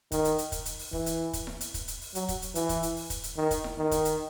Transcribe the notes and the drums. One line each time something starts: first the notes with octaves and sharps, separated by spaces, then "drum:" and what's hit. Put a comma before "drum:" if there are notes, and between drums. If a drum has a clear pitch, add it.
D#3, drum: kick, hi-hat
drum: hi-hat
drum: hi-hat
drum: kick, hi-hat
drum: hi-hat
drum: open hi-hat
E3, drum: kick
drum: hi-hat
drum: kick, hi-hat
drum: snare E4
drum: hi-hat
drum: kick, hi-hat
drum: hi-hat
drum: open hi-hat
F#3, drum: hi-hat
drum: kick, hi-hat
drum: hi-hat
E3, drum: hi-hat
drum: kick, hi-hat
drum: hi-hat
drum: open hi-hat
drum: kick, hi-hat
drum: hi-hat
D#3
drum: kick, hi-hat
drum: snare E4
D#3
drum: kick, hi-hat
drum: hi-hat